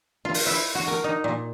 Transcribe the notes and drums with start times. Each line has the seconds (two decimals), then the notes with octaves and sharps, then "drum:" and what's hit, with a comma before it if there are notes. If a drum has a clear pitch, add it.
0.25 F4
0.34 drum: open hi-hat
0.46 E4
0.75 F#4
0.87 A#4
1.04 D#4
1.24 A#2